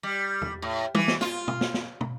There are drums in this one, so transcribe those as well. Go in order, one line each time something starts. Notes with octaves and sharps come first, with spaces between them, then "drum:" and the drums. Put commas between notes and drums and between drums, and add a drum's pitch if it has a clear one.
G3
drum: tom
A2
E3, drum: tom
drum: snare
F4, drum: snare
drum: tom
drum: snare
drum: snare
drum: tom